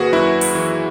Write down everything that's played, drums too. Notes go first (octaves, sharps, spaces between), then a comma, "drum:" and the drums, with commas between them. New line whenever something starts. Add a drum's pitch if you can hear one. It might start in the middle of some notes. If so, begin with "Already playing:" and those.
Already playing: G#1 A#3 F#4 G#4 B4
F#2 E4
drum: open hi-hat
E3